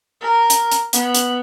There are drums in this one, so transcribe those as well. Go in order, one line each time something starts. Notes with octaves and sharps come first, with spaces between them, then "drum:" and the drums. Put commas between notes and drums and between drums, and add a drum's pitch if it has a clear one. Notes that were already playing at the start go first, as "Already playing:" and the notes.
A#4
drum: hi-hat
drum: hi-hat
B3, drum: hi-hat
drum: hi-hat